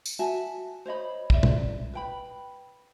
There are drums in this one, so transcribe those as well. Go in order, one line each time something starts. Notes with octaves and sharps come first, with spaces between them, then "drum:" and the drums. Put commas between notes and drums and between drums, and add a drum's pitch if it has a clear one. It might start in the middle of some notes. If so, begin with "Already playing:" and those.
drum: tambourine
F#4 E5 G#5 A5
C5 C#5 D#5 B5
D5 E5, drum: kick
drum: tom A#2
B4 G5 B5